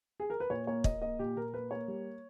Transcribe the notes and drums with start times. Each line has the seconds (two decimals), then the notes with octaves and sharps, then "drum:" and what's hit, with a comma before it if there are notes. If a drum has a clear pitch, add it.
0.20 G#4
0.30 A#4
0.40 B4
0.50 A#2 C#5
0.67 A#3 C#5
0.84 A#3 D#5, drum: kick
1.02 A#3 D#5
1.19 A#2 G4
1.36 A#2 A#4
1.54 A#3 B4
1.71 A#3 C#5
1.88 G3